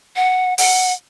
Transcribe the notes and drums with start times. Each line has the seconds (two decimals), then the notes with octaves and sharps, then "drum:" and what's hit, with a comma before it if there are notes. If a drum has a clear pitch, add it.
0.16 F#5
0.58 F#5, drum: open hi-hat